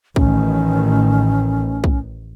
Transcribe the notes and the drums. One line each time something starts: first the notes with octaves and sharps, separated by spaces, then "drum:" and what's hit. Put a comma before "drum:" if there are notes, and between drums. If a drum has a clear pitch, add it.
A1 D#3 C#4, drum: kick
drum: kick